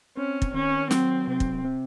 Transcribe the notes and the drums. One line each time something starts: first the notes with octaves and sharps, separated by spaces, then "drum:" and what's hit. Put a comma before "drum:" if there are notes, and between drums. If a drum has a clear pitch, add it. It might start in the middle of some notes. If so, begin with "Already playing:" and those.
C4 C#4
drum: kick
D#3 C#4
F#3 C4, drum: snare
C3 C4
drum: kick
C4